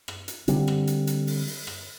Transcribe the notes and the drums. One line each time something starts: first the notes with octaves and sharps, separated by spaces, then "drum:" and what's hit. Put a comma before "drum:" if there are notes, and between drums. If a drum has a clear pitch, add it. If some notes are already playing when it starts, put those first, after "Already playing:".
drum: rim click
drum: hi-hat
D3 G3 C4, drum: hi-hat
drum: rim click
drum: hi-hat
drum: hi-hat
drum: open hi-hat
drum: open hi-hat
drum: rim click